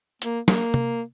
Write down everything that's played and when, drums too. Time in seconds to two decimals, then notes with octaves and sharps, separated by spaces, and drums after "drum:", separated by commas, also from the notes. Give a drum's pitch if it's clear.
0.22 A#3, drum: hi-hat
0.48 A#3, drum: snare
0.74 drum: tom